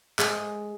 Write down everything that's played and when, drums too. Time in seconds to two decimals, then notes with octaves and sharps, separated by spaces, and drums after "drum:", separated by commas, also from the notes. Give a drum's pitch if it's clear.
0.19 G#3, drum: clap